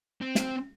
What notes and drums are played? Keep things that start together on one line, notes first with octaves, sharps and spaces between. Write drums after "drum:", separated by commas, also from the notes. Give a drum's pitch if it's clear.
C4
drum: snare